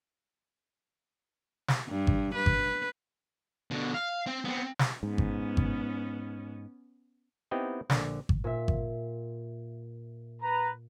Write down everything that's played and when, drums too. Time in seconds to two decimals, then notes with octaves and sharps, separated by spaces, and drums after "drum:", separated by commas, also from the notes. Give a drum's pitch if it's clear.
1.68 drum: snare
1.89 G2
2.07 drum: kick G#1
2.35 B4
2.46 drum: kick G#1
3.71 B2 D3
3.94 F5
4.26 C4
4.44 B3 C4
4.79 drum: snare
5.03 G#2 B3 C#4
5.18 drum: kick G#1
5.57 drum: kick G#1
7.51 B3 C4 D#4 E4 G4 D#5
7.90 A#1 D3, drum: snare
8.29 drum: kick G#1
8.44 A#2 E5
8.68 drum: kick G#1
10.42 B4 A#5